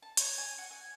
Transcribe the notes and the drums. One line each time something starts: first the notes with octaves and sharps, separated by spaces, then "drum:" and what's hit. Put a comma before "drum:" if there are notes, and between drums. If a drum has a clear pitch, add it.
A5
C#5, drum: hi-hat
G#5
F#4
G#5